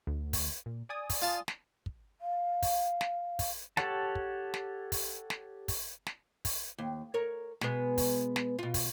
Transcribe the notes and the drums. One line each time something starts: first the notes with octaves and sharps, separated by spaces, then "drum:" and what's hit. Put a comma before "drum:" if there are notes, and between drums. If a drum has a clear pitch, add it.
D2
drum: kick, open hi-hat
A#2
D5 G#5 D#6
drum: kick, open hi-hat
F4 F5 A5
drum: snare
drum: kick
F5
drum: kick, open hi-hat
drum: snare
drum: kick, open hi-hat
G4 A4 C#5 F#5 A5, drum: snare
drum: kick
drum: snare
drum: kick, open hi-hat
drum: snare
drum: kick, open hi-hat
drum: snare
drum: kick, open hi-hat
D#2
A#4 C#5
B2 G#3 B3, drum: snare
drum: kick, open hi-hat
drum: snare
B2 F4
drum: kick, open hi-hat